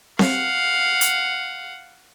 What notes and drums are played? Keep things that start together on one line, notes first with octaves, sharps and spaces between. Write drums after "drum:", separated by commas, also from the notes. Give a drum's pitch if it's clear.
F5 F#5, drum: snare C4
drum: hi-hat